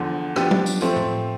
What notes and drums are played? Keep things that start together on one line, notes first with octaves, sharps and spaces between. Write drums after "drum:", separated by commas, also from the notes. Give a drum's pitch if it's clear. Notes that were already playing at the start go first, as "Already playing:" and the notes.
Already playing: E2 D3 F3
F3 B3 D4 G4, drum: rim click
drum: tom F#3
drum: tambourine
F3 A3 C4, drum: tambourine
drum: tom A2